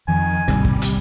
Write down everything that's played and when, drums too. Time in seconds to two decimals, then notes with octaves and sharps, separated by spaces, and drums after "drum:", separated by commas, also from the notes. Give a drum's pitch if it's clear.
0.08 F2 D#3 G#5
0.48 G#1 D#2 C3 G3
0.65 drum: kick
0.82 drum: hi-hat